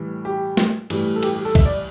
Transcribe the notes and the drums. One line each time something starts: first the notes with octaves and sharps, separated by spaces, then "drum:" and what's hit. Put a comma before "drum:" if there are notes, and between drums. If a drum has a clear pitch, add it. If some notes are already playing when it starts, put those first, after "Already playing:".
Already playing: A2 E3 G3
G4
drum: snare
A2 E3 G3, drum: cymbal
A4
G4, drum: cymbal
G4
A4
E5, drum: kick, cymbal
D5